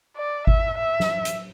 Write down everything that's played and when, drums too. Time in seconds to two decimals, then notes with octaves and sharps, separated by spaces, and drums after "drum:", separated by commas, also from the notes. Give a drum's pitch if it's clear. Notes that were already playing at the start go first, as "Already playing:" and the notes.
0.17 D5
0.47 E5, drum: kick G#1
0.78 E5
1.00 drum: snare
1.25 drum: hi-hat